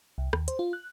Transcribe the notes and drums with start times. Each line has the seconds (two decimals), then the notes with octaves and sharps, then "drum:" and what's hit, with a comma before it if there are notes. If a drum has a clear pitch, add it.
0.18 C2
0.33 D#2, drum: rim click
0.48 C5, drum: hi-hat
0.59 F4
0.73 F#6